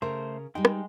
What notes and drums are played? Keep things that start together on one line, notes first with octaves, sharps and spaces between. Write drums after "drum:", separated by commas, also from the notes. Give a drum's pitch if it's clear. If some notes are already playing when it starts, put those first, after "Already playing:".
C#3 A3 A#4 C5
G3 G#3 D#4 G5
drum: rim click